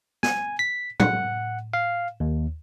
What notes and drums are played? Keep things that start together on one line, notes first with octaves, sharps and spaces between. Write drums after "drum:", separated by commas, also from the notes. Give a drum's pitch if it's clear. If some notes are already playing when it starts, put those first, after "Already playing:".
G#5, drum: snare
B6
F#5, drum: tom
F5
D#2